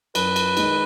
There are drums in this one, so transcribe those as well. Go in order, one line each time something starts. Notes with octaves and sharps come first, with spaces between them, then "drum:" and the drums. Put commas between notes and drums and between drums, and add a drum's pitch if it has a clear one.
F#2 B4, drum: cymbal
drum: cymbal
D#3 G#3 D#4, drum: cymbal